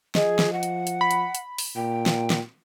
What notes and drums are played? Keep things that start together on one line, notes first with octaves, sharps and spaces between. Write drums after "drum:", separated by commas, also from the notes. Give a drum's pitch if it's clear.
F3 G#4 D#5, drum: snare
drum: snare
F#5
drum: hi-hat
drum: hi-hat
B5
drum: hi-hat
drum: hi-hat
drum: open hi-hat
A#2 G5
drum: snare
drum: snare